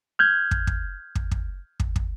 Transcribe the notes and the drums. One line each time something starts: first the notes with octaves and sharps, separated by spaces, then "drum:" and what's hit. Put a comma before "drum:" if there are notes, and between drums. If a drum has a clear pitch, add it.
F6 G6 G#6
drum: kick
drum: kick
drum: kick
drum: kick
drum: kick
drum: kick